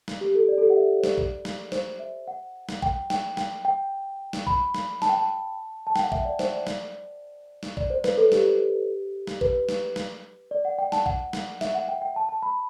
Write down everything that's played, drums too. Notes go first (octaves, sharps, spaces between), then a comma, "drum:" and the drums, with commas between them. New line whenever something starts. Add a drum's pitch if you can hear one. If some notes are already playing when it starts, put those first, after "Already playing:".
drum: snare
G4
A4
D5
A4
G4
F#5
E5
C5
D5, drum: snare
drum: kick
drum: snare
C5, drum: snare
E5
F#5
drum: snare
G5, drum: kick
G5, drum: snare
G5, drum: snare
G5
drum: snare
B5, drum: kick
drum: snare
A5, drum: snare
G5
A5
A5
G5, drum: snare
F#5
E5, drum: kick
D5
C5, drum: snare
D5
drum: snare
drum: snare
D5, drum: kick
C5
B4, drum: snare
A4
G4, drum: snare
drum: snare
B4, drum: kick
drum: snare
drum: snare
D5
F#5
G5
A5, drum: snare
F#5, drum: kick
drum: snare
E5, drum: snare
F#5
G5
G5
A5
A5
B5